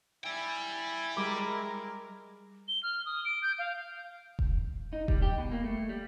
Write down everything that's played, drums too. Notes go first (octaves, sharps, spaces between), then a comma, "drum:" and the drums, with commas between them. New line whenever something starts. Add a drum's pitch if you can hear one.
E4 D5 G5 G#5
G3 G#3 A#4 B5 D6
G7
F6
D#6
D7
G6
F5
drum: kick E1
D#4
G3, drum: kick E1
G4
B2
A#3
A3
G3